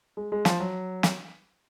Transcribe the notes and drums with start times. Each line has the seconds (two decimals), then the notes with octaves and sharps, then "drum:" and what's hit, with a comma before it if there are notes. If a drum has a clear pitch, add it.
0.17 G#3
0.32 G#3
0.45 F3, drum: snare
0.60 F#3
1.03 drum: snare